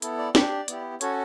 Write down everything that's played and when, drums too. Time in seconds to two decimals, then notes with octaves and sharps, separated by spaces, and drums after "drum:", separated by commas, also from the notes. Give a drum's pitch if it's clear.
0.02 B3 E4 A4, drum: hi-hat
0.18 D5
0.35 D4 G4 D5, drum: snare
0.68 B3 E4 G4, drum: hi-hat
1.01 C#4 F#4 A4 C#5, drum: hi-hat